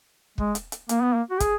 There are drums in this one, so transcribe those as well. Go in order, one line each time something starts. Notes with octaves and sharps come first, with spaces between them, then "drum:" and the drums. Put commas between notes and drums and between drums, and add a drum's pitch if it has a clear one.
G#3, drum: kick
drum: hi-hat
drum: hi-hat
A#3, drum: hi-hat
B3
A#3
F#4
G#4, drum: kick, hi-hat